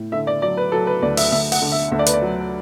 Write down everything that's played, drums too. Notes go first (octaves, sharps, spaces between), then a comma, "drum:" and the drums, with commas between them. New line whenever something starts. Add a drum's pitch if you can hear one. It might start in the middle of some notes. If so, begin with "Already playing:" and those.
Already playing: A2
D3 E5
D5
F#3 D5
B4
F#3 A4
B4
D2 D5
E5, drum: open hi-hat
D2 E5
F#5, drum: open hi-hat
D3
E5
D2 E5
D5
B4, drum: hi-hat
D5
F#3